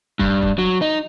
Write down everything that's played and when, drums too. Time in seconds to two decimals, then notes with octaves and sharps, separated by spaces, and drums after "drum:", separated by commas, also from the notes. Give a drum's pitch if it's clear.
0.19 G2, drum: kick
0.42 drum: kick
0.59 F#3
0.82 D#4